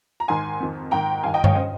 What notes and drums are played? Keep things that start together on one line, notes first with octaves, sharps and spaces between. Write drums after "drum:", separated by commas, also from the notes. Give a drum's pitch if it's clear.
A#5
G#2 D#3 G#5 C6
F2 D#3
G#2 D#3 G5 A#5
G2 D#3 F5 G#5
D#5 G5
C#5 F5, drum: tom G2
C#3 C5 D#5